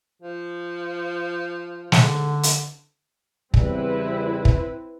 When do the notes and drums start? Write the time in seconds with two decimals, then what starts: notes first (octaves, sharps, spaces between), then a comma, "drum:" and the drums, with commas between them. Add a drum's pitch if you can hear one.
0.22 F3
1.92 D3, drum: snare
2.43 drum: hi-hat
3.54 E2 C#3 G3 C4 E4 B4, drum: kick
4.45 drum: kick